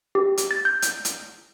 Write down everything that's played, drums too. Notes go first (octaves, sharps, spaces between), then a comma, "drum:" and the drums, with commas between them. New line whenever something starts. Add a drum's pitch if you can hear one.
G4
drum: hi-hat
A6
G6
drum: hi-hat
drum: hi-hat